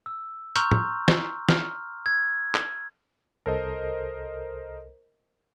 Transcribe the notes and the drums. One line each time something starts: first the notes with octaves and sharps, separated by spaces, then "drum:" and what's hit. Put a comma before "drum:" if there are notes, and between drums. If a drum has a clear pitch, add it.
E6
A#5 C6 C#6 E6 F6 G6, drum: hi-hat
drum: tom
drum: snare
F6, drum: snare
E6 G#6
drum: clap
C2 A4 A#4 C5 D#5